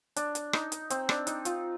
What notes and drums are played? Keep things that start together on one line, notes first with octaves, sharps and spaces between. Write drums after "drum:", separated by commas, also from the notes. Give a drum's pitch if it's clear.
D4, drum: hi-hat
drum: hi-hat
D#4, drum: rim click
drum: hi-hat
C4, drum: hi-hat
D4, drum: rim click
D#4, drum: hi-hat
F4, drum: hi-hat